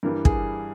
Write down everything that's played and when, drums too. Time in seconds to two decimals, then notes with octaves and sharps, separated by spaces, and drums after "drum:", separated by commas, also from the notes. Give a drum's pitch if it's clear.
0.03 G2 E3 G3 A#4
0.25 G#4, drum: kick